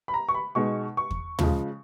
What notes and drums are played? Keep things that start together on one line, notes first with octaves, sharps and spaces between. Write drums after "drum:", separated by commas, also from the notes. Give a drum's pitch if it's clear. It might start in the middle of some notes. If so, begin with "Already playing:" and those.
B5
A#5
C#6
B5
B2 G#3 D#4 C#6
C#6
drum: kick E2
C#3 F3 G#3, drum: tom